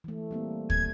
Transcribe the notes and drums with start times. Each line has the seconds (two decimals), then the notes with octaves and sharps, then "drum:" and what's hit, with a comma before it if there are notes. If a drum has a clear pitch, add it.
0.04 E3 A3
0.31 G3 A#3 C4
0.70 G#6, drum: kick